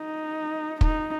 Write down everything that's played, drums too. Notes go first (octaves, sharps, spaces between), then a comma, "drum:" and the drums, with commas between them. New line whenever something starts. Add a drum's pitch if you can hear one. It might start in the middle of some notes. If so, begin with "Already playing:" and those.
Already playing: D#4
D#4, drum: kick